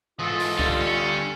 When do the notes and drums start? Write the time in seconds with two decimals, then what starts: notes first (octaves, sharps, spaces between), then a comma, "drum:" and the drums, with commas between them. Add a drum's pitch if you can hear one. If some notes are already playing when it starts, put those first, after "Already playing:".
0.19 G#2 E3 F4 A4 D#5
0.40 drum: open hi-hat
0.59 D3 G3, drum: kick C#2
0.81 C#4